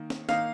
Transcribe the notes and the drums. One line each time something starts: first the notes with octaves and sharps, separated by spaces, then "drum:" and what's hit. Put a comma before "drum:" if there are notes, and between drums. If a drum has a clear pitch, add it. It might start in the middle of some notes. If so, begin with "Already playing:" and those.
Already playing: D#3 A#3
drum: snare
D#3 A#3 D#4 F5, drum: snare